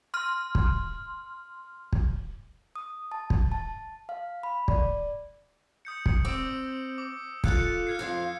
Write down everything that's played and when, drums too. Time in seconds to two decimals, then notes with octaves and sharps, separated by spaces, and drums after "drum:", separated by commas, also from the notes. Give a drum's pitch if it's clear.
0.14 C6 F6
0.55 drum: kick
1.93 drum: kick
2.76 D#6
3.12 A5
3.30 drum: kick
3.52 A5
4.09 F5
4.43 B5
4.68 D5, drum: kick
5.85 D#6 G6 C#7
6.06 drum: kick
6.25 C4 D6 E6 D7
6.98 D6
7.44 F4 A4 F#6 C#7, drum: kick
7.87 F6 G#6 C7
7.99 F2 F3 F5